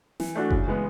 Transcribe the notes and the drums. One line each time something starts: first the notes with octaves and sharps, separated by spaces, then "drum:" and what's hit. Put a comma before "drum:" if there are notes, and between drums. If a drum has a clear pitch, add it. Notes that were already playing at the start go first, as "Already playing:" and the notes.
E3, drum: snare
A3 D4 F#4
C#3, drum: kick F#1
E3 G#3 B3